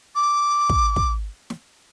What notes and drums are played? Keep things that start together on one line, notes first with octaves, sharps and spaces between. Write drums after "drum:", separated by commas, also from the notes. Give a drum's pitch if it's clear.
D6
drum: kick
drum: kick
drum: snare